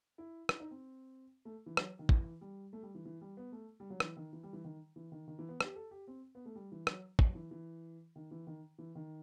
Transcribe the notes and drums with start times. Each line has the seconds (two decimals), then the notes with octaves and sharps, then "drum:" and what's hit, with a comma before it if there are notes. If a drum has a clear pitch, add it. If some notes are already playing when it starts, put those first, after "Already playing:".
0.18 E4
0.49 E4, drum: rim click
0.60 D#4
0.71 C4
1.45 A3
1.66 E3
1.77 F#3, drum: rim click
1.99 D#3
2.09 E3, drum: kick
2.41 G3
2.73 A3
2.83 G3
2.95 E3
3.05 E3
3.21 G3
3.37 B3
3.52 A3
3.80 G3
3.90 F#3
4.00 E3, drum: rim click
4.17 D#3
4.33 E3
4.43 G3
4.53 E3
4.64 D#3
4.96 E3
5.12 D#3
5.28 D#3
5.39 E3
5.49 B3
5.61 G4, drum: rim click
5.76 A4
5.91 G4
6.07 C4
6.35 B3
6.46 A3
6.55 G3
6.72 E3
6.87 F#3, drum: rim click
7.19 F#3, drum: kick
7.35 E3
7.51 E3
8.16 D#3
8.31 E3
8.47 D#3
8.78 E3
8.95 D#3